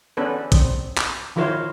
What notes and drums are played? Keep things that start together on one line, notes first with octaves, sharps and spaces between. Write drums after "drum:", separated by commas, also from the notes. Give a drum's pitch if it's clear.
B3 C#4 D4 A4 B4
C4, drum: kick, hi-hat
drum: clap
D#3 F3 E4 A#4 C5 C#5